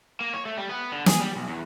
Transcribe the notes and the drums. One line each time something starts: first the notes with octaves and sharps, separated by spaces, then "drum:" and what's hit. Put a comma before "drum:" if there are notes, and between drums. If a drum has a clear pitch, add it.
A#3
C#5
A3
G3
B3
D3
G#4, drum: snare
G3
B1
E2